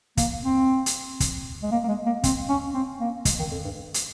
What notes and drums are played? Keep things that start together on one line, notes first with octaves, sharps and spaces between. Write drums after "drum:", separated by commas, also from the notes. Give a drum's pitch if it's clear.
A#3, drum: kick, hi-hat
C4
drum: hi-hat
drum: kick, hi-hat
G#3
A#3
A#3
G#3
A#3
C4, drum: kick, hi-hat
C#4
C4
A#3
G#3, drum: kick, hi-hat
D#3
F2
G2
drum: hi-hat